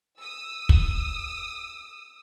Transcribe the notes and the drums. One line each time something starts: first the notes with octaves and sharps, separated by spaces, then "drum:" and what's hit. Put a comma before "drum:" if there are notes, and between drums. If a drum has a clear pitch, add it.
D#6 E6
drum: kick